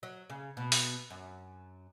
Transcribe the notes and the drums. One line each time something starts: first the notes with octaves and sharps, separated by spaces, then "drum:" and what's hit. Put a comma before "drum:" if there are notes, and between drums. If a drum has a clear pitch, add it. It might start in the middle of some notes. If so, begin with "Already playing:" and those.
F#3
C#3
B2
drum: open hi-hat
F#2